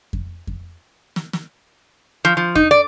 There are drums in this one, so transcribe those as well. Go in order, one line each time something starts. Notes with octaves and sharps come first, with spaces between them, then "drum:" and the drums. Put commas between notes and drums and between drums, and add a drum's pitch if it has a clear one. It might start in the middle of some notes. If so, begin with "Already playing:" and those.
drum: kick F2
drum: kick F2
drum: snare
drum: snare
F3
F3
D#4, drum: kick F2
D5